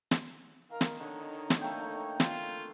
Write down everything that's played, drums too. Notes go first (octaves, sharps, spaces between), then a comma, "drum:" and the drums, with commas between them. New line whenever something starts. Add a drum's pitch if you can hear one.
drum: snare
D#3 A#4 F5
drum: snare
D3 D#4 C#5
drum: snare
A3 A#3 G5
F4, drum: snare